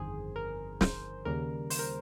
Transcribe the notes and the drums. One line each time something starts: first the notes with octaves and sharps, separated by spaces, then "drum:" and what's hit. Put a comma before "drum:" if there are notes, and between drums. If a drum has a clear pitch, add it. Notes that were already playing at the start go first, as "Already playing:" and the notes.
Already playing: G1 F2 D#3 G#4 C5
A#4
C5, drum: snare
D#2 C#3 G3 A#4
C5, drum: open hi-hat
A#4